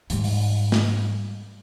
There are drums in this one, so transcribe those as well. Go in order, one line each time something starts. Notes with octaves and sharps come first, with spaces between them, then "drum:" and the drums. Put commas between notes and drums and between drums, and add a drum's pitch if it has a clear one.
G#2 G3, drum: hi-hat
drum: open hi-hat
drum: snare